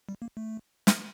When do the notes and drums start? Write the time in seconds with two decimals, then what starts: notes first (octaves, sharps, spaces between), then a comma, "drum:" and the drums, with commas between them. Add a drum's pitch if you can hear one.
0.09 G3
0.22 A#3
0.37 A3
0.87 drum: snare